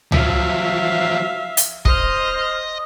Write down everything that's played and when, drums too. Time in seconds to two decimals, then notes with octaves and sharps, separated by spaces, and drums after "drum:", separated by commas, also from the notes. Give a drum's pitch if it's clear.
0.12 F3 F#3 E5 F5, drum: tom C#2
1.57 drum: hi-hat
1.85 C5 D#5 F6, drum: kick